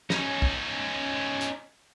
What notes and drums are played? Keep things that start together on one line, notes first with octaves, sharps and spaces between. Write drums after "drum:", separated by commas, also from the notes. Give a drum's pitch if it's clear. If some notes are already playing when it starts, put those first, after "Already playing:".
C#4 D#4, drum: snare
drum: kick
drum: hi-hat